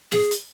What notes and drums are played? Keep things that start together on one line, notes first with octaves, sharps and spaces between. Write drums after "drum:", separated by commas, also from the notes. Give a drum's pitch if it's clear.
G#4, drum: snare
drum: hi-hat